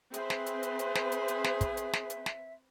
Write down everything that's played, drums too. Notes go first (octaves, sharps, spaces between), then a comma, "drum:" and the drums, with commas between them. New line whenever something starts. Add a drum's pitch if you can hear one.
C4 G#4 B4 C5 E5, drum: hi-hat
drum: snare
drum: hi-hat
drum: hi-hat
drum: hi-hat
drum: snare
drum: hi-hat
drum: hi-hat
drum: snare
drum: kick, hi-hat
drum: hi-hat
drum: snare
drum: hi-hat
drum: snare